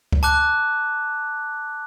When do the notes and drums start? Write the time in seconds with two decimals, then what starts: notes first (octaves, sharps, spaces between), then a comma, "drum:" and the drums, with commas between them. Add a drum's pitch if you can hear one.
0.12 drum: kick C#2
0.23 A5 D6 F#6